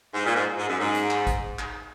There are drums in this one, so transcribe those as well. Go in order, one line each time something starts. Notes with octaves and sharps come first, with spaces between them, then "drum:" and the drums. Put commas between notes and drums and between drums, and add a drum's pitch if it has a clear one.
G#2
A#2
G#2
G#2
F#2
G#2
drum: hi-hat
drum: clap
drum: kick, hi-hat
drum: clap